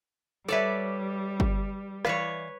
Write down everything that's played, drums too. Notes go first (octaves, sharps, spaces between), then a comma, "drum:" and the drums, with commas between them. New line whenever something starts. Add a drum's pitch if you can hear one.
G3 A4 B4 C#5 D5 E5
drum: kick G1
E3 B4 C#5 D5 F5, drum: rim click